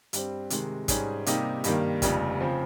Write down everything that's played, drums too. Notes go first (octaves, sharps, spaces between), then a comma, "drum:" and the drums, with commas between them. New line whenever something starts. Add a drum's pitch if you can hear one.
G2 G3 C4, drum: hi-hat
C3 D#3 G#3, drum: hi-hat
G#2 G3 C#4 G#4, drum: kick, hi-hat
C3 G3 A#3 D#4 G4, drum: hi-hat
G2 D#3 G3 A#3, drum: hi-hat
F1 F2 C#3 G3, drum: kick, hi-hat
C#3 F3 C4